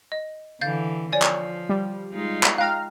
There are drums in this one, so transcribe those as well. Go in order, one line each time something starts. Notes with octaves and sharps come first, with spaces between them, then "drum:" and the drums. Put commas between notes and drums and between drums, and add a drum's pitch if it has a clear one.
D#5
D3 E3 F5 G6 A6
F3 C#5 D5 G#5
drum: clap
G3
G#3 D#4 F4
drum: clap
F5 G5 A#5 F6 F#6